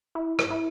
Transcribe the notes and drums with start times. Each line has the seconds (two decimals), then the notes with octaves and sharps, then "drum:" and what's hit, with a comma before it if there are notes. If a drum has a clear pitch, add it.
0.15 E4
0.39 drum: rim click
0.50 E4